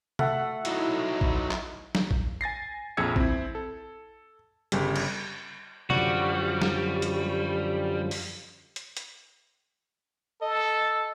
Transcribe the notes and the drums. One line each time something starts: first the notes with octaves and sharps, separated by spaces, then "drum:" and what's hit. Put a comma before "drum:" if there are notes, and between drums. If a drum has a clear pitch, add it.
A3 F#5, drum: tom C3
F#3 D#4 E4, drum: hi-hat
drum: kick A1
drum: clap
drum: snare
drum: kick A1
G#5 A6 A#6 C7
A#1 F2 G#4 E6 G#6 C#7
C4 E4, drum: kick A1
A4
G1 C#3 G3, drum: hi-hat
drum: cymbal
F#2 D3 F3 G3 F#4, drum: tom C3
drum: snare
drum: hi-hat
drum: open hi-hat
drum: hi-hat
drum: hi-hat
A4 D#5